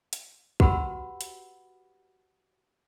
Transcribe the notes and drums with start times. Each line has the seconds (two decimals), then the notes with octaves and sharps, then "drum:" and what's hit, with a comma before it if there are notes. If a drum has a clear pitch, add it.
0.13 drum: hi-hat
0.60 F#4 G4 B4 F#5 B5 E6, drum: kick A#1
1.21 drum: hi-hat